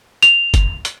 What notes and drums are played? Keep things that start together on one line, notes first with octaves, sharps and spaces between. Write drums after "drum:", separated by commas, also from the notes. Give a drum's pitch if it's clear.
F7, drum: hi-hat
drum: kick, hi-hat
drum: hi-hat